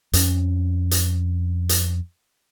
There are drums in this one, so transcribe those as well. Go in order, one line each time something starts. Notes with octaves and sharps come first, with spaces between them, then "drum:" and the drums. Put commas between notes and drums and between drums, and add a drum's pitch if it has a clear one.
F2 C#4, drum: hi-hat
drum: hi-hat
drum: hi-hat